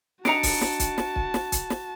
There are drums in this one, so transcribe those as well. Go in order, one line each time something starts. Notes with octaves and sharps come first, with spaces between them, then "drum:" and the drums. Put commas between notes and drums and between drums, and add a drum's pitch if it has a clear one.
D4 D#4 F#4 A5 A#5 C#7 D7, drum: snare
drum: kick, open hi-hat
drum: snare
drum: kick, hi-hat
drum: snare
drum: kick
drum: snare
drum: kick, hi-hat
drum: snare